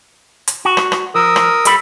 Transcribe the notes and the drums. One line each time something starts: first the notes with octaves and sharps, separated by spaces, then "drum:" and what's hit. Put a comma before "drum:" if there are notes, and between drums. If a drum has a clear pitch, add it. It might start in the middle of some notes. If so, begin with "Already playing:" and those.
drum: hi-hat
F#4
drum: rim click
drum: rim click
F3 A#4 D#6 E6
drum: rim click
G3 A4 B5, drum: hi-hat